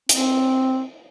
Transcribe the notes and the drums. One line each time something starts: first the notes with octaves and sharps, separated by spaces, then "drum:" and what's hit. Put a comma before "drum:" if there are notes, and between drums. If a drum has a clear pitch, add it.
C4, drum: hi-hat